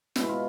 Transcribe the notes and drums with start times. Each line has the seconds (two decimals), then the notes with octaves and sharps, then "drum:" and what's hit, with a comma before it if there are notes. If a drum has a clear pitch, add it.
0.16 B2 G#3 E4, drum: snare
0.29 F4